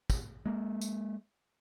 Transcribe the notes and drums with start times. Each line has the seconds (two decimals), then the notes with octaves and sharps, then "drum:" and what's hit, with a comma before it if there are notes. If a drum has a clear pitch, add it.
0.10 drum: kick, tambourine
0.46 G#3 A#3
0.81 drum: tambourine